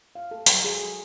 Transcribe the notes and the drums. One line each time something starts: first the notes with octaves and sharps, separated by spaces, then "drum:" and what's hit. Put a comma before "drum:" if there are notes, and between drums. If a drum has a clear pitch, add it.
F5
A4
F#3, drum: hi-hat
G#4